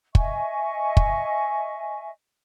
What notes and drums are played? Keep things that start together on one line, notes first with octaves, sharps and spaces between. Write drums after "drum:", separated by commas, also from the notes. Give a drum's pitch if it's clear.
D#5 E5 G#5 C#6, drum: kick
drum: kick